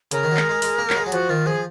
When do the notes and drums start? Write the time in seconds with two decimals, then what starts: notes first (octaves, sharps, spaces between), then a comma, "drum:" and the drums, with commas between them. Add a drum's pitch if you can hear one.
0.11 C#3 A#4, drum: hi-hat
0.24 D#3
0.31 F#3
0.37 G#3, drum: clap
0.49 G#3
0.62 G#3, drum: open hi-hat
0.78 A#3
0.90 F#3, drum: clap
0.96 G#3
1.06 F#3
1.12 F3 F#4, drum: hi-hat
1.29 D#3 F4
1.46 F3 G#4